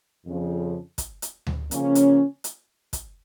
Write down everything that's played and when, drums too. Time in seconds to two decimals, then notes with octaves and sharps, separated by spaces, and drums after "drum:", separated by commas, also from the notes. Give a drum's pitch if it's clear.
0.24 F2 C#3 F3
0.98 drum: kick, hi-hat
1.22 drum: hi-hat
1.47 drum: tom D2
1.71 C#3 F3 A#3 C#4, drum: hi-hat
1.95 drum: hi-hat
2.44 drum: hi-hat
2.93 drum: kick, hi-hat